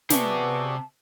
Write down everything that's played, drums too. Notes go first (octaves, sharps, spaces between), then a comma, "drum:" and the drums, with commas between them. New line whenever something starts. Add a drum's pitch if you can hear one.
C3 B3 F#4 G#4 D5 E5 A5, drum: snare